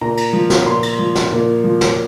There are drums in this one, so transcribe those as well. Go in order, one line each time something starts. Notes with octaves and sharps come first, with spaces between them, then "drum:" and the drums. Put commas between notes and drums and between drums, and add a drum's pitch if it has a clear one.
A#2 A#5
drum: cymbal
F3
drum: snare
A#2 C6
drum: cymbal
F3
drum: snare
A#2
F3
drum: snare